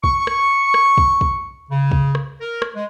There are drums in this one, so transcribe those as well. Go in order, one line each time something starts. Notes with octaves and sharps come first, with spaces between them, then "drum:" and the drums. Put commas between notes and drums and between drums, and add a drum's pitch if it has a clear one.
C#6, drum: kick
drum: rim click
drum: rim click
drum: kick
drum: kick
C#3
drum: kick
drum: rim click
A#4
drum: rim click
G#3